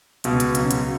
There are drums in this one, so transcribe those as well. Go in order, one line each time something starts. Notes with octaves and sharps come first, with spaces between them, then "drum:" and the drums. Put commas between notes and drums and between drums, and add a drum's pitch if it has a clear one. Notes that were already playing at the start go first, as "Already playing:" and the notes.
C#2 B2, drum: hi-hat
drum: hi-hat
C#3 F#3 C#4, drum: hi-hat
drum: hi-hat